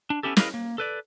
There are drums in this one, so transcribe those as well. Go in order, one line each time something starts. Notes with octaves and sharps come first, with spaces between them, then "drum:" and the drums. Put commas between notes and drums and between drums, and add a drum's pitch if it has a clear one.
D4
B3 C#4 E4 G4 A4
E4 G#4 A#4 B4 D#5 F5, drum: snare
A#3
A4 B4 D5